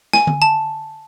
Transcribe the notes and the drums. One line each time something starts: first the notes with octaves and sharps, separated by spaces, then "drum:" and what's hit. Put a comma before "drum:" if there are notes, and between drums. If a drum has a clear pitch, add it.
G#5, drum: snare
drum: tom D3
A5